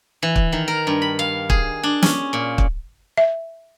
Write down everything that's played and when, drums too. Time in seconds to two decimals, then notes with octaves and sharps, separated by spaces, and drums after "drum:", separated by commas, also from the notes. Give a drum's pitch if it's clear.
0.23 E3
0.36 drum: kick
0.52 D#3
0.68 A#4
0.87 G2
1.02 B5
1.19 F5
1.50 G#4, drum: kick
1.83 D4
2.02 C#4, drum: snare
2.33 A#2
2.58 drum: kick
3.17 E5